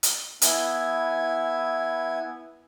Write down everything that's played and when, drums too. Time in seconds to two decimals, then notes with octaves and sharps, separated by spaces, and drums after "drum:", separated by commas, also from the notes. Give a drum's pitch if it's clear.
0.03 drum: hi-hat
0.42 B3 E4 G#5, drum: hi-hat